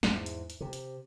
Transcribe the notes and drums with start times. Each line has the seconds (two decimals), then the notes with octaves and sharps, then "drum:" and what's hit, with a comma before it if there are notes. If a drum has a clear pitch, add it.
0.03 E2 G#2, drum: snare
0.26 drum: hi-hat
0.50 drum: hi-hat
0.61 C3
0.73 drum: hi-hat